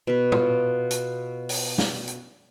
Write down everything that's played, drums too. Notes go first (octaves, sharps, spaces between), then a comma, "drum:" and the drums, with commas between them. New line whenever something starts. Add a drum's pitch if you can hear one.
B2 B4
F4 F#4, drum: tom
drum: hi-hat
drum: open hi-hat
drum: snare
drum: hi-hat